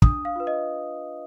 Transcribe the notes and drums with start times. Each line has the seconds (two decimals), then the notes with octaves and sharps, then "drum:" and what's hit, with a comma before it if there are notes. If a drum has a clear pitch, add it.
0.02 D4 D#6, drum: kick
0.25 F5
0.36 F4 B4
0.47 D#5